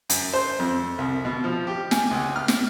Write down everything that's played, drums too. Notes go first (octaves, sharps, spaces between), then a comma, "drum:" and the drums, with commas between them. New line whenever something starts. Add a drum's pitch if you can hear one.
F#2, drum: hi-hat
C5
F2
C2
B2
F3
G4
G#5, drum: snare
C#2
F6
drum: snare